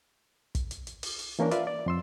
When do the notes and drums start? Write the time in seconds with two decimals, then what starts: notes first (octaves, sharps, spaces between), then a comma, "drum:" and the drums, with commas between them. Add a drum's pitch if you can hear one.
0.55 drum: kick, hi-hat
0.71 drum: hi-hat
0.87 drum: hi-hat
1.03 drum: open hi-hat
1.19 drum: hi-hat
1.39 E3 A#3 C#4 D4 A#4
1.51 F4 B4 D5 E5 F5, drum: hi-hat
1.67 D5
1.86 F2 C6 E6